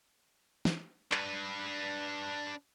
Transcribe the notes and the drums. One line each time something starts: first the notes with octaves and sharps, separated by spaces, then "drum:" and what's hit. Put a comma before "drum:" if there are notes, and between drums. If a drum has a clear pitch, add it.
drum: snare
D4 B4, drum: clap